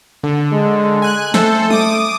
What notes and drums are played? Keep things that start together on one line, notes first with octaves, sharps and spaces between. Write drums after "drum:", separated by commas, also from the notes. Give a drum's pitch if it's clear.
D3
G#3
G#5 F#6
A3 A4 C5, drum: snare
D6 D#6, drum: tom F#3